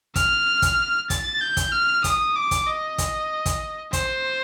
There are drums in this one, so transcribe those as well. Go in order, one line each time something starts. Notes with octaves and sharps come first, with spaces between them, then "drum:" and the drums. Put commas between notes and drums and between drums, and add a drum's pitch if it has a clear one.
F6, drum: kick, hi-hat
drum: kick, hi-hat
A6, drum: kick, hi-hat
G6
drum: kick, hi-hat
F6
D#6, drum: kick, hi-hat
D6
drum: kick, hi-hat
D#5
drum: kick, hi-hat
drum: kick, hi-hat
C5, drum: kick, hi-hat